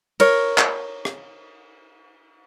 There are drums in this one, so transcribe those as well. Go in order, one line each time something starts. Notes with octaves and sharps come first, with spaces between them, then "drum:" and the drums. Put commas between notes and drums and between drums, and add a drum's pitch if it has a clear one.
A#4 C#5, drum: cymbal
drum: clap
drum: rim click